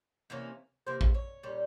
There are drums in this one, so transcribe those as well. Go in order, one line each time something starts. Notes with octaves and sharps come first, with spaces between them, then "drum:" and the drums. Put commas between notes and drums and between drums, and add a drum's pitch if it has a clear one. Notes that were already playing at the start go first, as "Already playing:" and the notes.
C3 E3 A#3 C#4
C3 E3 A#3 C5
drum: kick
C#5
A#2 G3 C#4